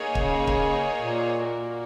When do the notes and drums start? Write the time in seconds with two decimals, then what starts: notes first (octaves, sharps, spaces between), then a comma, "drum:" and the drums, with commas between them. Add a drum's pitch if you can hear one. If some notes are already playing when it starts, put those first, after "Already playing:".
Already playing: A#3 D#4 G#4 C#5
0.15 C#3, drum: kick
0.47 drum: kick
1.00 A#2
1.42 A#3 F#4 A#4